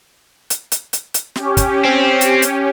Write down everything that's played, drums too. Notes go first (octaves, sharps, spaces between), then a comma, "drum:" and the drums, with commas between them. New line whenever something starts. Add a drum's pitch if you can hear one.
drum: hi-hat
drum: hi-hat
drum: hi-hat
drum: hi-hat
C#4 G4, drum: snare
drum: kick, hi-hat
C4
drum: hi-hat
drum: hi-hat